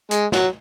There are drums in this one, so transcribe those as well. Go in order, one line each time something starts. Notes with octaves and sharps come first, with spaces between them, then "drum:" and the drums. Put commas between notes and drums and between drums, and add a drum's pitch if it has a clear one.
G#3, drum: hi-hat
F#3, drum: snare